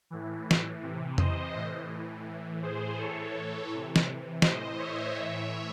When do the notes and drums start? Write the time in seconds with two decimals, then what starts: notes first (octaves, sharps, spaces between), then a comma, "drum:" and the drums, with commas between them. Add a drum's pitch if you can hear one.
0.10 A2 E3
0.51 drum: snare
0.82 C3 E3
1.18 C5 D#5, drum: tom F2
1.55 A2 E3
2.26 A2 E3
2.62 G#4 C5
2.98 A2 E3 A4 C#5
3.70 C3 E3
3.96 drum: snare
4.42 A2 E3 C5 D#5, drum: snare
4.78 C#5 E5
5.15 A2 E3 C#5 E5